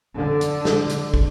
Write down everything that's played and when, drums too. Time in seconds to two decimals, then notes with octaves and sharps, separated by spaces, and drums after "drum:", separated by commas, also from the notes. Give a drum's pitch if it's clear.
0.17 D3
0.41 drum: hi-hat
0.65 drum: snare
0.89 drum: hi-hat
1.14 drum: kick